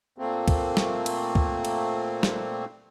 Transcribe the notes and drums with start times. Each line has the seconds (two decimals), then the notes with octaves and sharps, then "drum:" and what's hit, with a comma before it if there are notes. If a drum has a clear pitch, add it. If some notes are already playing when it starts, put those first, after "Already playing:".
0.18 A#2 A3 A#3 C4
0.48 drum: kick, cymbal
0.77 drum: snare
1.06 drum: cymbal
1.35 drum: kick
1.65 drum: cymbal
2.23 drum: snare